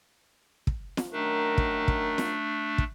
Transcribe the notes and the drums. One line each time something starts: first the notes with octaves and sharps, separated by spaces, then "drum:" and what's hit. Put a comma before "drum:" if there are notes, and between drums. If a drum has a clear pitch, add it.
drum: kick
drum: snare
F#2 D#3 A3 D4 A#4
drum: kick
drum: kick
drum: snare
drum: kick